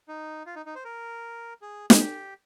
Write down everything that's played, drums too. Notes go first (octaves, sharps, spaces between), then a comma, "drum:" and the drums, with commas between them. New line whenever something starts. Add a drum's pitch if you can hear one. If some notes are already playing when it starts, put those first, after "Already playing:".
D#4
F4
D#4
D#4
C5
A#4
G#4
G#4, drum: snare
G4